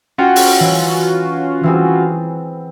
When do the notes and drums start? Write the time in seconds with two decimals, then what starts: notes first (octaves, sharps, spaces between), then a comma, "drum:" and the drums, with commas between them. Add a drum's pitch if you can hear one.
0.18 C#4 F4 F#4 F#5 G5
0.36 drum: open hi-hat
0.60 E3
1.63 E3 C4 G#4